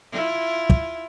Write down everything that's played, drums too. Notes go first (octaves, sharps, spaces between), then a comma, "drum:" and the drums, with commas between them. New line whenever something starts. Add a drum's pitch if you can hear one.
E4 F4
drum: kick